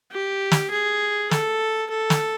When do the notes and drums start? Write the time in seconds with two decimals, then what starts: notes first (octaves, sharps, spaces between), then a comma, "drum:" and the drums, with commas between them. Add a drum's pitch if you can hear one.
0.12 G4
0.51 drum: snare
0.71 G#4
1.31 A4, drum: snare
1.90 A4
2.10 drum: snare